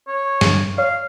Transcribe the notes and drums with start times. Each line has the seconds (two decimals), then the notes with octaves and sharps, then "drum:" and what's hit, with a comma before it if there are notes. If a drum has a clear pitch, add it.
0.08 C#5
0.41 G2 D3, drum: snare
0.78 C#5 F5